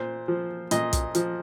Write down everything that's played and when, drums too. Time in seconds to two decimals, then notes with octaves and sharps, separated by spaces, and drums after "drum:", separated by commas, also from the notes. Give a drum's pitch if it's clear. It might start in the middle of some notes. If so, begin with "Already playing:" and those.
Already playing: A#2 C5
0.28 F3
0.71 A#2 D#5, drum: hi-hat
0.93 drum: kick, hi-hat
1.15 F3, drum: hi-hat